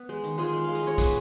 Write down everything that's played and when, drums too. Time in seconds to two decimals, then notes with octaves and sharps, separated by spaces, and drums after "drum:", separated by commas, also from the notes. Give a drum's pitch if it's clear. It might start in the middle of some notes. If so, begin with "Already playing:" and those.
Already playing: B3
0.09 G#3
0.24 D#3
0.38 G#3 F4 G#4
0.53 G#3
0.64 G#3 F5
0.75 D#5
0.83 G#3 C#5
0.98 B3 G#4 B4, drum: kick, hi-hat